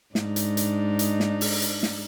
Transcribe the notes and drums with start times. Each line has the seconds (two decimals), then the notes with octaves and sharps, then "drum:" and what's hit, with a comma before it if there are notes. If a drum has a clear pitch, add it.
0.15 G#2 D4 D#4, drum: snare
0.36 drum: hi-hat
0.57 drum: hi-hat
0.99 drum: hi-hat
1.20 drum: snare
1.41 drum: open hi-hat
1.62 drum: hi-hat
1.83 drum: snare